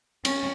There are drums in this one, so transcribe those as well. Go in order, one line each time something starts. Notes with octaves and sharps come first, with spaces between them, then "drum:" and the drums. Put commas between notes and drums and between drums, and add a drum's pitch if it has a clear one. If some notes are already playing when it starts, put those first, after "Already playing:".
C#4, drum: cymbal